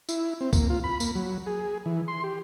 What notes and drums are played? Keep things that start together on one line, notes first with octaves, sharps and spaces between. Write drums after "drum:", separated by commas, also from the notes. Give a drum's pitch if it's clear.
E4, drum: tambourine
C4
A#3, drum: kick C#2, tambourine
F4
B5
A#3, drum: tambourine
F#3
G#4
E3
C6
G4